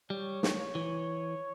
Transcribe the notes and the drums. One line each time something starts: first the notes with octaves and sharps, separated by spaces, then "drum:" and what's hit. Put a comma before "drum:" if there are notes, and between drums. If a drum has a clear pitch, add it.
G3 C#5
drum: snare
E3